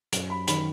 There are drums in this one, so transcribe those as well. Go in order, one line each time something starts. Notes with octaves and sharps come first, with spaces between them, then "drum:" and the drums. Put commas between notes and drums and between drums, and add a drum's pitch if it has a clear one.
F#2, drum: hi-hat
B5
D#3 B5, drum: hi-hat